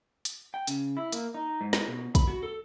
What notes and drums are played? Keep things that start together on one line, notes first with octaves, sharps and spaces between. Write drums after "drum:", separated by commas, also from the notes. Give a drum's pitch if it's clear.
drum: hi-hat
G5
C#3, drum: hi-hat
E4
A#3, drum: hi-hat
D#4
G#2
drum: snare
B2
B5, drum: kick, hi-hat
F#4
A4